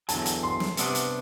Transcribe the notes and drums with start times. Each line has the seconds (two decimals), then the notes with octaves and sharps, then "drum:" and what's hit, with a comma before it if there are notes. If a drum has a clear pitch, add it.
0.09 E2 D3 F#3 A5, drum: hi-hat
0.26 drum: hi-hat
0.43 C6
0.60 drum: snare
0.77 C3 G3 B3 D4, drum: hi-hat
0.95 drum: hi-hat